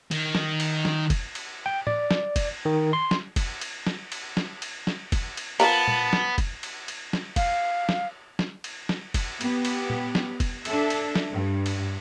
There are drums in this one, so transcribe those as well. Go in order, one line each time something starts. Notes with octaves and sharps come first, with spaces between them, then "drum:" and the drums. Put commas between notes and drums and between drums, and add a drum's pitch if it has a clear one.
D#3, drum: cymbal
drum: snare
drum: cymbal
drum: snare
drum: kick, cymbal
drum: cymbal
G5
D5, drum: tom A2
drum: snare
drum: kick, cymbal
D#3
C6
drum: snare
drum: kick, cymbal
drum: cymbal
drum: snare
drum: cymbal
drum: snare
drum: cymbal
drum: snare
drum: kick, cymbal
drum: cymbal
F3 B3 A#4 A5 A#5, drum: cymbal
drum: tom A#2
drum: snare
drum: kick, cymbal
drum: cymbal
drum: cymbal
drum: snare
F5, drum: kick, cymbal
drum: snare
drum: snare
drum: cymbal
drum: snare
drum: kick, cymbal
B3 G4, drum: cymbal
drum: cymbal
drum: tom A#2
drum: snare
drum: kick, cymbal
D4 A4 E5, drum: cymbal
drum: cymbal
drum: snare
G2
drum: cymbal